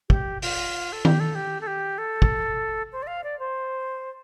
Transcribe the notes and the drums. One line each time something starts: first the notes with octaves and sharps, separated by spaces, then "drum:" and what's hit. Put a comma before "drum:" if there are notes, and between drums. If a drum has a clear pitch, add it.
G4, drum: kick
F4, drum: open hi-hat
A4
G4, drum: tom D#3
A4
G4
A4
G4
A4
drum: kick
C5
D5
F5
D5
C5